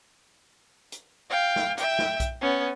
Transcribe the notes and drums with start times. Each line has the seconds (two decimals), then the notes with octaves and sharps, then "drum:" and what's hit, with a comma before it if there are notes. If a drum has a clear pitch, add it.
0.92 drum: hi-hat
1.29 F5 G5
1.56 drum: snare
1.78 E5 G5, drum: hi-hat
1.99 drum: snare
2.20 drum: kick B1, hi-hat
2.41 B3 C#4